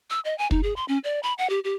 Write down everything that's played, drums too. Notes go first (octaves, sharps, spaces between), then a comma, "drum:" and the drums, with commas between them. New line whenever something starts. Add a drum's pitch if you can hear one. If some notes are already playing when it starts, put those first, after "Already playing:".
E6
D#5
G#5
D#4, drum: kick
G#4
C6
C#4
D5
B5
F#5
G4
G4